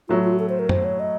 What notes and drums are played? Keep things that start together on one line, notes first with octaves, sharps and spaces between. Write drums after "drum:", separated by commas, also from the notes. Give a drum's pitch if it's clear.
A2 F#3 A3 F4
F4
F#4
A4
C5
A#4
C5, drum: tom F#2
C#5
D#5